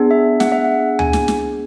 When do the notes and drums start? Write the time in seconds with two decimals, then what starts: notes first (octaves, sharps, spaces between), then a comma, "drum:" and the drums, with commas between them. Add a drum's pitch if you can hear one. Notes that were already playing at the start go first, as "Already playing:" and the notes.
Already playing: B3 D4 G#4
0.11 E5
0.40 F#5, drum: snare
0.52 E5
0.64 F#5
0.99 G#5, drum: tom D2
1.13 drum: snare
1.28 drum: snare